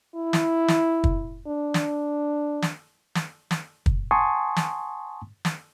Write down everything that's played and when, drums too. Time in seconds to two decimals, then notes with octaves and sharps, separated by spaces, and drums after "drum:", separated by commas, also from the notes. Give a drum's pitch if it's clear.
0.15 E4
0.33 drum: snare
0.68 drum: snare
1.04 drum: kick
1.47 D4
1.74 drum: snare
2.62 drum: snare
3.15 drum: snare
3.51 drum: snare
3.86 drum: kick
4.11 F#5 G#5 A5 C6 C#6 D#6
4.56 drum: snare
5.45 drum: snare